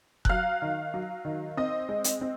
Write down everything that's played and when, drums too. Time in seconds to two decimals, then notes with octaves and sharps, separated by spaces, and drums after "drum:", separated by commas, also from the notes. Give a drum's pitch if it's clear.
0.25 F#6, drum: kick F1
0.29 F#3 F5 F6
0.62 D#3
0.94 F#3
1.25 D#3
1.57 C4 D#5 D#6
1.89 G#3
2.04 drum: hi-hat
2.21 C4